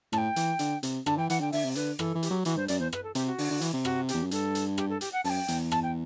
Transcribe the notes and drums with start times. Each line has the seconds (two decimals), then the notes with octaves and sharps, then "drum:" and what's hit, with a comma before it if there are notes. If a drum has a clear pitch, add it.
0.13 A2 A5, drum: rim click
0.18 G5
0.36 E3, drum: hi-hat
0.59 D3, drum: hi-hat
0.83 C3, drum: hi-hat
1.06 D3 A5, drum: rim click
1.18 E3 G5
1.30 E3 F#5, drum: hi-hat
1.40 D3 G5
1.52 D3 E5, drum: open hi-hat
1.65 C3
1.75 D3 B4, drum: hi-hat
1.99 E3 A4, drum: rim click
2.15 E3
2.23 G4, drum: hi-hat
2.31 F#3
2.45 E3 F#4, drum: hi-hat
2.57 G2 C5
2.68 F#2 D5, drum: hi-hat
2.80 E2 C5
2.93 B4, drum: rim click
3.04 A4
3.15 C3 G4, drum: hi-hat
3.26 F#4
3.38 D3, drum: open hi-hat
3.50 D3
3.61 E3, drum: hi-hat
3.73 C3
3.85 F#4, drum: rim click
4.09 G4, drum: hi-hat
4.14 E2
4.23 F#2
4.31 G2 A4, drum: hi-hat
4.55 drum: hi-hat
4.78 G4, drum: rim click
4.90 A4
5.01 G4, drum: hi-hat
5.13 F#5
5.24 F#2 A5, drum: open hi-hat
5.30 G5
5.48 E2, drum: hi-hat
5.71 A5, drum: rim click
5.83 G5